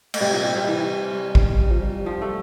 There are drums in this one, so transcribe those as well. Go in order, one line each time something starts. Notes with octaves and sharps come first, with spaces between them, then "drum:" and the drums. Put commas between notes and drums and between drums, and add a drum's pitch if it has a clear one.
A3, drum: cymbal
C3 G3
A#2
C3
C3
E3
G3
drum: kick A1
G3
F3
G3
F3
A3